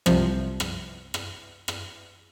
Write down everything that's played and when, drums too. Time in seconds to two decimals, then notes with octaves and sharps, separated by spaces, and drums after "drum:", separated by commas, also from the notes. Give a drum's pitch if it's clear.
0.06 C2 C3 F3, drum: rim click
0.60 drum: rim click
1.14 drum: rim click
1.68 drum: rim click